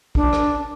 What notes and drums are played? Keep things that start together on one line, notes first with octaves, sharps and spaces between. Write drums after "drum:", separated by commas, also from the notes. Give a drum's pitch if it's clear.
D4, drum: kick
drum: rim click